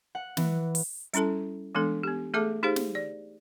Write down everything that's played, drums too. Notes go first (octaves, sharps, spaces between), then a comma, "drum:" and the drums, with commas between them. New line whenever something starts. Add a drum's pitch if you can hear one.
F#5
E3, drum: snare
drum: open hi-hat
G3 C#4 E4 A4 A5, drum: hi-hat
E3 G#3 B3 D4 A4
B3 G4
A3 G#4 A4 E5 A5 D6
D#4 G4 G#4 C5 F5
drum: snare
D5